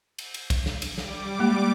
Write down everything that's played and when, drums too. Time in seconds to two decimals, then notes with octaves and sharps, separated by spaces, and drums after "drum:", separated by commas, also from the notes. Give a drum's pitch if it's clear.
0.18 drum: cymbal
0.34 drum: cymbal
0.50 drum: kick, cymbal
0.66 drum: snare
0.82 drum: cymbal
0.98 G3 D6, drum: snare
1.39 G#3 A#3